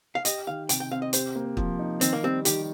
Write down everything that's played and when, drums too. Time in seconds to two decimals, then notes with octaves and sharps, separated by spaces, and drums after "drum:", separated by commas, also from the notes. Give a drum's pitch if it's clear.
0.15 F5
0.25 G4 D#5, drum: hi-hat
0.47 D#3 F5
0.69 C3 G5, drum: hi-hat
0.80 G5
0.91 C4 F5
1.02 D#5
1.13 G4 C5, drum: hi-hat
1.35 A#3
1.57 F3, drum: kick
1.79 D#4
2.01 D#3 C4, drum: hi-hat
2.13 A#3
2.23 G3 C4
2.45 D#3 G4, drum: hi-hat